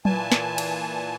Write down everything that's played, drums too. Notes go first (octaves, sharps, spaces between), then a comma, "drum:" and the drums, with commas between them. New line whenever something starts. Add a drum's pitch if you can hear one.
A#2 E3 G#5 A5, drum: tom F#3
drum: snare
drum: cymbal